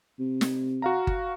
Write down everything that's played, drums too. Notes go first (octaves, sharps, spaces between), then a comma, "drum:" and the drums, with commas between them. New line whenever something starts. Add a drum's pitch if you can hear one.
C3
drum: snare
F#4 F5 A#5
drum: kick G1